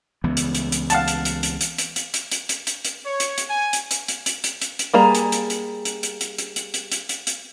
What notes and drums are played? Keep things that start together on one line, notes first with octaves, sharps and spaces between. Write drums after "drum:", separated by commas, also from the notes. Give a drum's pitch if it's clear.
C#2 E3 B3
drum: hi-hat
drum: hi-hat
drum: hi-hat
F5 F#5 A5, drum: hi-hat
drum: hi-hat
drum: hi-hat
drum: hi-hat
drum: hi-hat
drum: hi-hat
drum: hi-hat
drum: hi-hat
drum: hi-hat
drum: hi-hat
drum: hi-hat
drum: hi-hat
C#5
drum: hi-hat
drum: hi-hat
G#5
drum: hi-hat
drum: hi-hat
drum: hi-hat
drum: hi-hat
drum: hi-hat
drum: hi-hat
drum: hi-hat
G3 A#3 G#4 A#5
drum: hi-hat
drum: hi-hat
drum: hi-hat
drum: hi-hat
drum: hi-hat
drum: hi-hat
drum: hi-hat
drum: hi-hat
drum: hi-hat
drum: hi-hat
drum: hi-hat
drum: hi-hat